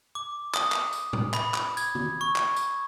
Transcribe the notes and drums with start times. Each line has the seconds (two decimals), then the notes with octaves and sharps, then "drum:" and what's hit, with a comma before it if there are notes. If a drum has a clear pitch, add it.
0.15 D6
0.54 D#6, drum: clap
0.72 drum: clap
0.93 drum: tambourine
1.13 drum: tom A2
1.34 B5, drum: clap
1.54 drum: clap
1.77 G#6, drum: tambourine
1.95 drum: tom
2.21 C#6
2.36 drum: clap
2.56 drum: tambourine